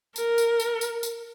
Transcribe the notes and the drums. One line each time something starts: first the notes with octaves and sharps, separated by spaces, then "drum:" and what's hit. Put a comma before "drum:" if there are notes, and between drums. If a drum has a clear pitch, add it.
A#4, drum: tambourine
drum: tambourine
drum: tambourine
drum: tambourine
drum: tambourine